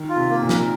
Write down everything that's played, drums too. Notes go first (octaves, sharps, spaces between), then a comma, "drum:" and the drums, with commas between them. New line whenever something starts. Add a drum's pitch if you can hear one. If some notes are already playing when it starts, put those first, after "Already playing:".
Already playing: D#3
F4
C3
A#3
A#2
A#4, drum: snare